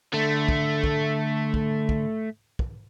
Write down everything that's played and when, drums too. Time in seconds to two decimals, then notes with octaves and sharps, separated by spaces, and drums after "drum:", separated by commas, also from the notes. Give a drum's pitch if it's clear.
0.13 D3 A3
0.49 drum: kick
0.84 drum: kick
1.54 drum: kick
1.89 drum: kick
2.59 drum: kick